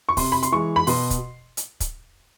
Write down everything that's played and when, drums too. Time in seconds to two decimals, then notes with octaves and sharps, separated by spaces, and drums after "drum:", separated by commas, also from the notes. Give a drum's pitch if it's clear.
0.09 C#6
0.17 C3 C6, drum: kick, open hi-hat
0.32 B5
0.43 C6, drum: hi-hat
0.52 E3 G#3 C#6
0.76 B5
0.87 B2 C6, drum: open hi-hat
1.10 drum: kick, hi-hat
1.57 drum: hi-hat
1.80 drum: kick, hi-hat